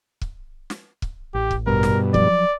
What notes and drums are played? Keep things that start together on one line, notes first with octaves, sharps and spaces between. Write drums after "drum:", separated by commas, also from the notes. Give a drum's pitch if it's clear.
drum: kick
drum: snare
drum: kick
A1 G4
drum: kick
G2 B2 A#4
drum: snare
F3 F#3 D5, drum: kick